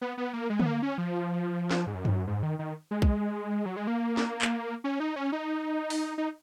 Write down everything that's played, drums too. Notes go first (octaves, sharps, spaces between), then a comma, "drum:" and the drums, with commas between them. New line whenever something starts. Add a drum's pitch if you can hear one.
B3
B3
A#3
G#3
B3, drum: tom D3
A#3
C#4
F3
drum: snare
G#2
F#2
F2, drum: tom F#2
F#2
G#2
D#3
D#3
G#3
drum: kick
F#3
G#3
A#3
drum: snare
drum: clap
C#4
D#4
C#4
D#4
drum: open hi-hat
D#4